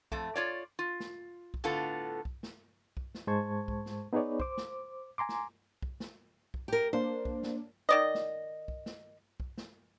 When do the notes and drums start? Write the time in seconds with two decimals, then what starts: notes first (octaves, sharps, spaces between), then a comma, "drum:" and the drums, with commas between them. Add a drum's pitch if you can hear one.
0.12 F2 A3, drum: kick B1
0.36 F4 C#5 D5
0.79 F4
1.00 drum: snare
1.54 drum: kick B1
1.64 A2 D3 B3 F4 A4
2.25 drum: kick B1
2.43 drum: snare
2.97 drum: kick B1
3.15 drum: snare
3.27 G#2 G#3 C5 A5 C#6 G#6
3.68 drum: kick B1
3.86 drum: snare
4.13 B3 D#4 G#4 B4 C#5 D5
4.40 C5 D6, drum: kick B1
4.57 drum: snare
5.18 G#5 A#5 C6 D6
5.29 drum: snare
5.82 drum: kick B1
6.00 drum: snare
6.54 drum: kick B1
6.68 G4 A#4
6.93 A#3 D4 C5
7.25 drum: kick B1
7.43 drum: snare
7.89 D#3 D5 D#5
8.15 drum: snare
8.68 drum: kick B1
8.86 drum: snare
9.40 drum: kick B1
9.58 drum: snare